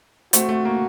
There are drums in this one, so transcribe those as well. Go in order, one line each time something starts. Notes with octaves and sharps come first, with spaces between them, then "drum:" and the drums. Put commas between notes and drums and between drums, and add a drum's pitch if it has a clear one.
A3 C4 F#4, drum: hi-hat
A3
A#3